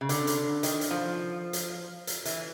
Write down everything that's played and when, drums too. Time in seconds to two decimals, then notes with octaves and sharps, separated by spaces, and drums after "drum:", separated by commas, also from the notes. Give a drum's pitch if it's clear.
0.01 C#3
0.09 D3, drum: hi-hat
0.27 drum: hi-hat
0.63 D#3, drum: hi-hat
0.81 drum: hi-hat
0.91 F3
1.53 drum: hi-hat
2.07 drum: hi-hat
2.25 E3, drum: hi-hat